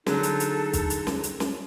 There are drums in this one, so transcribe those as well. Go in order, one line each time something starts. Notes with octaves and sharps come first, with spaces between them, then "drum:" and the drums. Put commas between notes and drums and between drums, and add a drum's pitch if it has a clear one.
D3 F#3 D#4 G#4 A4, drum: snare
drum: hi-hat
drum: hi-hat
drum: kick, hi-hat
drum: hi-hat
drum: snare
drum: hi-hat
drum: snare